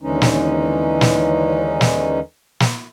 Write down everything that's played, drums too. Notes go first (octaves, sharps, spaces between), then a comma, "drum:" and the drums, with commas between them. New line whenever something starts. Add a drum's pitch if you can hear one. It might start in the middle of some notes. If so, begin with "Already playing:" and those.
D#2 D3 E3 G#3 C#4 D#4
drum: snare
drum: snare
drum: snare
drum: snare